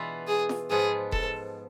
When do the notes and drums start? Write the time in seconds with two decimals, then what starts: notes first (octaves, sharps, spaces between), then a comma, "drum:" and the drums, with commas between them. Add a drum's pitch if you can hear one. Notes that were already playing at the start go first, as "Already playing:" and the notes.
Already playing: B2 E3 G#3 B3 D4 F4
0.28 G#4
0.49 drum: snare
0.70 G#2 F3 B3 G#4
1.12 A4, drum: kick E1